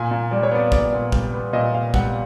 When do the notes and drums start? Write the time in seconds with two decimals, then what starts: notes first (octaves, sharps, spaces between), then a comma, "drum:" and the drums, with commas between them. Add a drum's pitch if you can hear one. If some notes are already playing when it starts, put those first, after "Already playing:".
Already playing: A#2 G#5
0.11 A#2
0.31 G3 D5
0.43 C#5
0.51 B3 D5
0.72 A#2 D5, drum: kick
0.92 A#2
1.12 G3, drum: kick
1.34 B3
1.53 A#2 D#5
1.74 A#2 F5
1.94 G3 F#5, drum: kick